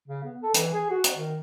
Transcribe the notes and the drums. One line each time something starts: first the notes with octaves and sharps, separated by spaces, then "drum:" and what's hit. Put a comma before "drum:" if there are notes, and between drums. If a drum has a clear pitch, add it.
C#3
B3
A4
E3, drum: hi-hat
G#4
F#4
drum: hi-hat
D#3